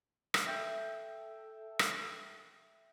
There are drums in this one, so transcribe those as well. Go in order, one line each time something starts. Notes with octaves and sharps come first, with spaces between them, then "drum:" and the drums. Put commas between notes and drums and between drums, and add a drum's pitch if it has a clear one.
drum: rim click
A4 E5 G5
drum: rim click